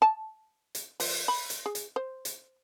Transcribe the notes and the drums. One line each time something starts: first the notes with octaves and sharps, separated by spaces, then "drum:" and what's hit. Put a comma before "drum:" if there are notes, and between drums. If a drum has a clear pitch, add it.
A5
drum: hi-hat
F3, drum: open hi-hat
B5
drum: hi-hat
G#4
drum: hi-hat
C5
drum: hi-hat